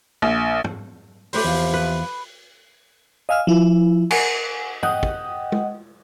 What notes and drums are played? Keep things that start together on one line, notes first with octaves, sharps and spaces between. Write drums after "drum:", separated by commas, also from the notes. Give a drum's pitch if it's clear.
A#1
drum: tom
A3 G4 B4 C5, drum: open hi-hat
E2 C3 F3
B4
D#5 F5 G#5 E6 F6
F3 E4
A#4 F#5 G#5, drum: cymbal
D#5 F#5 G5 D#6, drum: tom
drum: kick
drum: tom